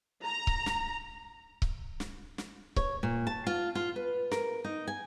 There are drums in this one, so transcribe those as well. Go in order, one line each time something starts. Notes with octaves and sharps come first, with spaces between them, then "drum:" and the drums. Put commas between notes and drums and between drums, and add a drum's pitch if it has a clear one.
A#5
drum: kick C#1
drum: snare
drum: kick C#1
drum: snare
drum: snare
C#5, drum: kick C#1
A#2
A5
F4
F4
B4
A#4, drum: snare
D#4
G#5